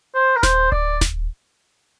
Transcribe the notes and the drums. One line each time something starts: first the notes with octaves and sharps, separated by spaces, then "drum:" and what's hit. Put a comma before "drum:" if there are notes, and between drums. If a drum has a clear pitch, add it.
C5
A#4
C5, drum: snare D#1
D5, drum: kick D1
drum: snare D#1